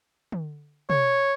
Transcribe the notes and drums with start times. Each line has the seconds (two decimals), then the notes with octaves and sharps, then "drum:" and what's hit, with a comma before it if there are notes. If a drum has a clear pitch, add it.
0.32 drum: tom
0.90 C#5, drum: tom